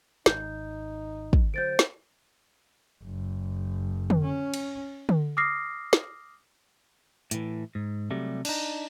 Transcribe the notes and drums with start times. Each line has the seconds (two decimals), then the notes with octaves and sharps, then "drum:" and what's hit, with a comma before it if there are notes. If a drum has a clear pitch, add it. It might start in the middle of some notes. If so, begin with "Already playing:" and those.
0.26 D#1 G#1 D#4 G6, drum: snare
1.33 drum: kick
1.54 D3 F#3 C5 G6 A6 D7
1.79 drum: snare
3.03 F#1
4.10 drum: tom D3
4.23 C#4
4.54 drum: cymbal
5.09 drum: tom D3
5.37 D6 D#6 F6 A#6 C7
5.93 drum: snare
7.31 A2 E3, drum: hi-hat
7.75 G#2
8.11 C3 F#3 G3 A3
8.45 D4 D#4, drum: cymbal